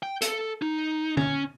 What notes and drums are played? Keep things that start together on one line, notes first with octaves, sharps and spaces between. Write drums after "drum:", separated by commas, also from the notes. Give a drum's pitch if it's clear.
G5
A4, drum: hi-hat
D#4
C#4, drum: tom